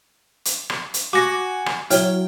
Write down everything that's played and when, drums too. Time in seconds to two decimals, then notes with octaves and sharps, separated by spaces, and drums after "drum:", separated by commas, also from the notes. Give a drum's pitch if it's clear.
0.45 drum: hi-hat
0.70 drum: rim click
0.94 drum: hi-hat
1.13 F#4 G#5 D6 A#6
1.66 drum: rim click
1.91 F#3 E4 F#4 C#5 G5 F6, drum: hi-hat